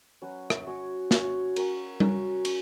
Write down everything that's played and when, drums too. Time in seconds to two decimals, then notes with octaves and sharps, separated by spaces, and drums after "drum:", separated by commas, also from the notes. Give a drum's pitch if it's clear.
0.22 F#3 C#4 F#4 B4
0.50 drum: rim click
0.66 C#4 F#4 C#5
1.11 C#4 F#4 C#5, drum: snare
1.56 C#4 F#4 A#4, drum: cymbal
2.00 C#4 F#4 A#4, drum: tom G3
2.45 C#4, drum: cymbal